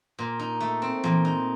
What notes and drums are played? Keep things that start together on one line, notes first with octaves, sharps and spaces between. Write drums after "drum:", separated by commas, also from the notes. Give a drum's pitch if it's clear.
A#2
D#4
A3
C4
A#2, drum: tom E3
D#4